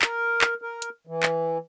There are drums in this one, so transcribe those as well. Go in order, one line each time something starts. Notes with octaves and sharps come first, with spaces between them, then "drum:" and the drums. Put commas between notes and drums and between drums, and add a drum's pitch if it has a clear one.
A#4, drum: clap
drum: clap
A#4
drum: hi-hat
E3
drum: clap